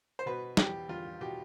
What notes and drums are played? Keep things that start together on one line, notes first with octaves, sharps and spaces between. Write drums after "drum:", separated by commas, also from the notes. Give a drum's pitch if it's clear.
C5
B2 B4
E2 G4, drum: snare
E2 F4
B2 G4